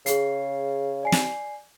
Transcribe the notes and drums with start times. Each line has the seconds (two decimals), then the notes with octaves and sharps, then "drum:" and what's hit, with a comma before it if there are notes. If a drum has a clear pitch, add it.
0.06 C#3 G#4 C7, drum: hi-hat
1.03 D5 G#5 C7
1.12 drum: snare